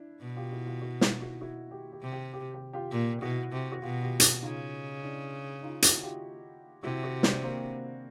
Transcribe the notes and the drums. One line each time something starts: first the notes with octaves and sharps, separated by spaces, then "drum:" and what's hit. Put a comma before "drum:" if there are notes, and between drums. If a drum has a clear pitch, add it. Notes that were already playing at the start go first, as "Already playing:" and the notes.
Already playing: D4 E4
B2
F4 G4
E4 F#4
F4 G4
E4 F#4
D#4 F4, drum: snare
E4 F#4
E4 F#4
G4
G4
C3
G4
G4
G4
F4 G4
A#2
B2 E4 F#4
C3
F#4
B2 F4 G4
F4 G4
drum: hi-hat
C#3 D#4 F4
D4 E4
D#4 F4
E4 F#4, drum: hi-hat
F4 G4
C3 E4 F#4
E4 F#4
C4 D4, drum: snare
A#3 C4